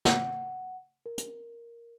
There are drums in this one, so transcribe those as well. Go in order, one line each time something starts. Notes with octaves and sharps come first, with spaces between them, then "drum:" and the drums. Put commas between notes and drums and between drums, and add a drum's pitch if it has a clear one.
F#5, drum: snare
A#4
drum: hi-hat